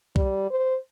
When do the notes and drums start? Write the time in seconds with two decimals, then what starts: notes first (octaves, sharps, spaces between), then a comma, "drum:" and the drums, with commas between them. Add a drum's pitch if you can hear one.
0.16 G3, drum: kick C2
0.51 C5